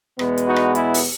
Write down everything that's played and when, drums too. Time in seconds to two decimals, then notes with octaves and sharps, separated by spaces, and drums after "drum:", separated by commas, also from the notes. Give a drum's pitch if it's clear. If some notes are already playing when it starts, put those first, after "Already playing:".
0.19 E2 B2 G#3 B3, drum: rim click
0.37 drum: hi-hat
0.47 D#4 F#4
0.56 drum: rim click
0.75 E4 G#4, drum: hi-hat
0.94 drum: open hi-hat